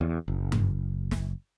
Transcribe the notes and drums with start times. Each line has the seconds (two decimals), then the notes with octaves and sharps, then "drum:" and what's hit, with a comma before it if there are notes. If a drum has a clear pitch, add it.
0.01 E2
0.28 F#1
0.52 drum: tom G2
1.11 drum: snare